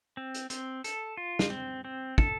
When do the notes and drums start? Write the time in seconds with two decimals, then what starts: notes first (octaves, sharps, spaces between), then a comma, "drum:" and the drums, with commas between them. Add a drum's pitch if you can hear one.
0.17 C4
0.34 drum: hi-hat
0.50 C4, drum: hi-hat
0.84 A4, drum: hi-hat
1.17 F4
1.39 drum: snare
1.50 C4
1.85 C4
2.18 A4, drum: kick